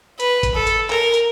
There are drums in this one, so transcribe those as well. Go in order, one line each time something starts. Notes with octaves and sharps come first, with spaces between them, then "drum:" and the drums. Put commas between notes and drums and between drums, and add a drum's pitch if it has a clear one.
B4, drum: hi-hat
drum: kick G#1, hi-hat
A4
drum: hi-hat
A#4, drum: clap
drum: hi-hat